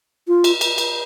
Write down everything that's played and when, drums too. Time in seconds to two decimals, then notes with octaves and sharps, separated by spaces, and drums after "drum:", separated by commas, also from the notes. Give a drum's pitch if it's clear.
0.28 F4
0.44 drum: cymbal
0.61 drum: cymbal
0.78 drum: cymbal